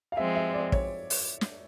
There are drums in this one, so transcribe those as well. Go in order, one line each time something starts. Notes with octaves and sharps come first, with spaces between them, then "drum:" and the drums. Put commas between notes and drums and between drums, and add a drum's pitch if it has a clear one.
F5
F3 G#3 C4 E5
E5
D5
C#5, drum: kick
drum: open hi-hat
drum: snare